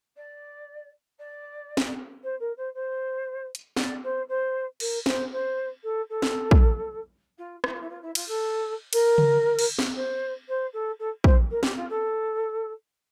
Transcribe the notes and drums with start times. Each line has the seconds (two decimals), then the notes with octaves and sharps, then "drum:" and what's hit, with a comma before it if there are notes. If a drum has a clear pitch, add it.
0.16 D5
1.19 D5
1.77 drum: snare
2.23 C5
2.40 A#4
2.57 C5
2.74 C5
3.55 drum: hi-hat
3.77 D5, drum: snare
4.03 C5
4.28 C5
4.80 A#4, drum: cymbal
5.06 C5, drum: snare
5.31 C5
5.83 A4
6.09 A4
6.22 drum: snare
6.51 drum: kick
7.38 F4
7.64 E4, drum: rim click
7.73 F4
7.81 E4
7.89 F4
8.02 E4
8.15 F4, drum: cymbal
8.28 A4
8.93 A#4, drum: cymbal
9.18 drum: tom C#3
9.59 drum: cymbal
9.79 drum: snare
9.96 C5
10.48 C5
10.73 A4
10.99 A4
11.24 C5, drum: kick
11.50 A#4
11.63 G4, drum: snare
11.76 F4
11.89 A4